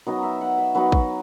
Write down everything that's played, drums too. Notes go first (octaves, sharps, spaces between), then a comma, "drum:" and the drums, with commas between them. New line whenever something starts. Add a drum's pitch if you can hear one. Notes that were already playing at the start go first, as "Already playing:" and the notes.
F#3 B3 D#4 D#5
E5
F#5
E5
F#3 B3 D#4 B4
drum: kick